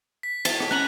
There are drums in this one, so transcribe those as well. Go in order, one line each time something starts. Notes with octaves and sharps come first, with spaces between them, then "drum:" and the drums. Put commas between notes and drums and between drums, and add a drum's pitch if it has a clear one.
B6
A5, drum: cymbal
drum: rim click
C#4 A#5 B5 F#6